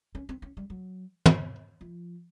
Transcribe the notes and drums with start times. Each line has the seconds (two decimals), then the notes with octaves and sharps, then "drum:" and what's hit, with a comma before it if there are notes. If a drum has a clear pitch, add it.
0.15 C#4
0.29 C4
0.42 C#4
0.57 G3
0.70 F#3
1.26 drum: tom
1.81 F3